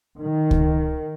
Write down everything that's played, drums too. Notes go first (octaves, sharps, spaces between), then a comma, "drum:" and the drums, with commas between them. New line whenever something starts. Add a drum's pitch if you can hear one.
D#3
drum: kick C#2